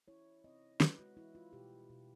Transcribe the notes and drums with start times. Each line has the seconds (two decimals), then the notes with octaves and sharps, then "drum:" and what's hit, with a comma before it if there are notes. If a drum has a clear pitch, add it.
0.08 E4 C#5
0.44 C4 D#5
0.80 G#3 B4, drum: snare
0.99 F#4
1.17 E4
1.35 F4
1.53 B2 G4
1.90 B2